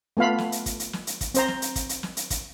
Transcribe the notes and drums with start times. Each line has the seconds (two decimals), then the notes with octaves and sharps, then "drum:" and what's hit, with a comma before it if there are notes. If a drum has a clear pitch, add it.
0.17 A3 B3 F4 F5 B5
0.38 drum: snare
0.52 drum: hi-hat
0.66 drum: kick, hi-hat
0.80 drum: hi-hat
0.93 drum: snare
1.07 drum: hi-hat
1.21 drum: kick, hi-hat
1.34 C4 C5 A#5, drum: hi-hat
1.48 drum: snare
1.62 drum: hi-hat
1.76 drum: kick, hi-hat
1.89 drum: hi-hat
2.03 drum: snare
2.17 drum: hi-hat
2.30 drum: kick, hi-hat